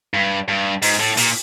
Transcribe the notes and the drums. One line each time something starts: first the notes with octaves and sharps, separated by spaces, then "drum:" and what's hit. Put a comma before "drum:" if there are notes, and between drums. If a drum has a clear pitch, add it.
G2
G2
G#2, drum: open hi-hat
A2
A#2, drum: open hi-hat